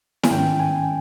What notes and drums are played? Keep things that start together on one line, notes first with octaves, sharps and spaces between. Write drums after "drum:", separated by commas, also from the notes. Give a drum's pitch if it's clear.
G#5, drum: snare E4
G#2 D#3 G#3 C#4 G5
G#5